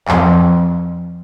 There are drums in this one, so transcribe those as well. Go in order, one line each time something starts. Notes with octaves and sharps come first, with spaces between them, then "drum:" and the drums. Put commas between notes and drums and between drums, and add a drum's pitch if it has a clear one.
F2, drum: clap